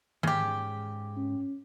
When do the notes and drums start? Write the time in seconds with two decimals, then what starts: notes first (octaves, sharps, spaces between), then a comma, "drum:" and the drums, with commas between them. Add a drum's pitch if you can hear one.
0.23 G#2 C#3 G#3 G4, drum: tom D#3
1.17 C#4